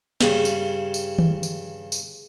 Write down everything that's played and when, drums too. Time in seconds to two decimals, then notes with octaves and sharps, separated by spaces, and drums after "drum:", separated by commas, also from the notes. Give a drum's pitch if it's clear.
0.21 G2 C#3 G3, drum: snare
0.45 drum: tambourine
0.94 drum: tambourine
1.18 drum: tom D#3
1.43 drum: tambourine
1.92 drum: tambourine